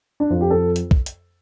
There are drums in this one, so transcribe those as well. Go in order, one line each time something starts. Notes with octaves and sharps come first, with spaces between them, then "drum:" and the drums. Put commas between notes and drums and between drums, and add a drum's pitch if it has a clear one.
D4
F2 F4
G4
A4
drum: hi-hat
drum: kick
drum: hi-hat